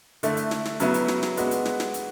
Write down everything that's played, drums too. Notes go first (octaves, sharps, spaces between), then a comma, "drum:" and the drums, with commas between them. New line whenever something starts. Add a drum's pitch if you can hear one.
D3 A3 E4, drum: hi-hat
drum: hi-hat
drum: snare
drum: snare
C#3 F#3 B3 E4, drum: hi-hat
drum: hi-hat
drum: snare
drum: snare
G#3 B3 D4 F#4, drum: hi-hat
drum: hi-hat
drum: snare
drum: snare
drum: hi-hat